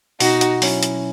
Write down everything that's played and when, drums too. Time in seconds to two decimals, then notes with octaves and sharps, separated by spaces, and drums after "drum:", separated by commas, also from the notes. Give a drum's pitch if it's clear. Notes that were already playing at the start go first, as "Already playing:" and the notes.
0.20 B2 D#4 F#4, drum: open hi-hat
0.41 drum: hi-hat
0.62 F#3 C#4 E4, drum: open hi-hat
0.83 drum: hi-hat